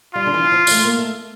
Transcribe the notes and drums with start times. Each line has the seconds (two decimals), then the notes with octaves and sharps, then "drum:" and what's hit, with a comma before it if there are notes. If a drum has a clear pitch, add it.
0.14 G3 F4
0.26 D3
0.34 E3
0.45 E3
0.52 F3
0.67 G3, drum: tambourine
0.71 A3
0.85 A#3
0.99 A3